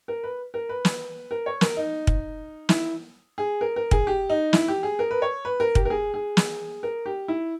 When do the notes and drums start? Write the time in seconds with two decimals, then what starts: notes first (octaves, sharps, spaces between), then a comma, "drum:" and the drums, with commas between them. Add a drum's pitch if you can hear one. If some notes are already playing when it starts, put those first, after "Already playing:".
0.08 A#4
0.23 B4
0.54 A#4
0.69 B4
0.85 drum: snare
1.31 A#4
1.46 C#5
1.61 A#4, drum: snare
1.77 D#4
2.07 drum: kick
2.69 E4, drum: snare
3.38 G#4
3.61 A#4
3.76 A#4
3.91 G#4, drum: kick
4.07 G4
4.30 D#4
4.53 E4, drum: snare
4.68 G4
4.83 G#4
4.99 A#4
5.11 B4
5.22 C#5
5.45 B4
5.60 A#4
5.75 G4, drum: kick
5.85 A#4
5.90 G#4
6.14 G#4
6.37 drum: snare
6.83 A#4
7.06 G4
7.28 E4